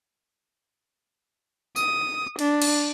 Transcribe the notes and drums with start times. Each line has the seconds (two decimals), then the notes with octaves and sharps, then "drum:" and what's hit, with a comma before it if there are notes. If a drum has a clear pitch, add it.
1.76 D#6, drum: tambourine
2.39 D4, drum: cymbal
2.62 drum: cymbal